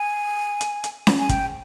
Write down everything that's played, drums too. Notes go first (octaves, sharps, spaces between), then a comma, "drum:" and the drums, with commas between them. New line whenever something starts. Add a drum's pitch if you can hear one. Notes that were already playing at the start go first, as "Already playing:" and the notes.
Already playing: G#5
drum: hi-hat
drum: hi-hat
drum: snare C#4
G#5
G5, drum: kick, hi-hat